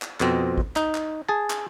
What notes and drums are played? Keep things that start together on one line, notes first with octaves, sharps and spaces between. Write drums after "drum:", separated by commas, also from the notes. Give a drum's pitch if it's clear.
drum: clap
F2 B2 C4, drum: clap
drum: kick G#1
D#4, drum: clap
drum: clap
G#4 A5
drum: clap